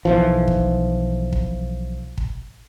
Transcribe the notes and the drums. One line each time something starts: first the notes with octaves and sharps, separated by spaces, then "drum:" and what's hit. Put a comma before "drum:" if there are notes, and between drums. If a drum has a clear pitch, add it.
B1 E3 F3
drum: kick
drum: kick
drum: kick